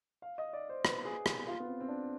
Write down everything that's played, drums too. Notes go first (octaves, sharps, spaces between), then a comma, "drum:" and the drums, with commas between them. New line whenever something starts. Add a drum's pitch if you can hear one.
F5
D#5
D5
C5
B4, drum: rim click
G#4
G4, drum: rim click
F4
B3
C4
C4
D4